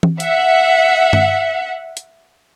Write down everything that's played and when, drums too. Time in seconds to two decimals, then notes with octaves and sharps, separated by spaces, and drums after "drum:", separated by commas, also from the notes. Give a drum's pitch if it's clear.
0.03 drum: tom E3
0.20 E5 F#5, drum: hi-hat
1.13 drum: tom G2
1.97 drum: hi-hat